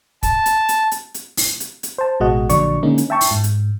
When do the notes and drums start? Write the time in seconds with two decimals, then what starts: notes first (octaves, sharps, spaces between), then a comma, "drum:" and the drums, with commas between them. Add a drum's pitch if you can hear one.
0.23 A5, drum: kick, hi-hat
0.46 drum: hi-hat
0.69 drum: hi-hat
0.91 drum: hi-hat
1.14 drum: hi-hat
1.37 drum: open hi-hat
1.60 drum: hi-hat
1.83 drum: hi-hat
1.98 C5 A5
2.20 A1 B2 G#3 F#4 D#5 F#5
2.49 A#1 A#2 D3 F#3 D5 C#6, drum: hi-hat
2.83 D3 G#3 A#3 C#4 D#4
2.98 drum: hi-hat
3.10 E5 G5 A5 C#6
3.21 drum: open hi-hat
3.31 G#2
3.44 drum: hi-hat